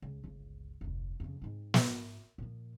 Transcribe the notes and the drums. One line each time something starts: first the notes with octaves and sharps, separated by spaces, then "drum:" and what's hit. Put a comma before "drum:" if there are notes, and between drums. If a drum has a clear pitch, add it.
C#2
G1 C#2
F1 D2
F2 C#3
G#2 C4
drum: snare
A#2 F3